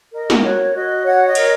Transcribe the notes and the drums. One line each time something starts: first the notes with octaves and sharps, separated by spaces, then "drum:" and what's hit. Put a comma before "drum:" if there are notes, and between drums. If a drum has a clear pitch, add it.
A#4 D#5
drum: snare
F#4 C#5
F#4 D#5
C#5 F#5
D#5
A#4, drum: cymbal